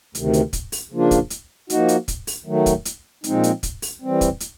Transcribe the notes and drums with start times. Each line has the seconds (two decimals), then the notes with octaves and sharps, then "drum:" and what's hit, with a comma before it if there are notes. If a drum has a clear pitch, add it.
0.15 D2 C3 D#3, drum: hi-hat
0.33 drum: hi-hat
0.53 drum: kick, hi-hat
0.72 drum: open hi-hat
0.92 C#3 F3 A#3 D4 F4
1.11 drum: kick, hi-hat
1.30 drum: hi-hat
1.70 F3 A#3 D#4 F#4, drum: hi-hat
1.88 drum: hi-hat
2.08 drum: kick, hi-hat
2.27 drum: open hi-hat
2.46 D#3 F#3 A3
2.66 drum: kick, hi-hat
2.85 drum: hi-hat
3.24 A#2 F3 G#3 C4 D#4, drum: hi-hat
3.43 drum: hi-hat
3.63 drum: kick, hi-hat
3.82 drum: open hi-hat
4.02 E3 G3 C4
4.21 drum: kick, hi-hat
4.40 drum: hi-hat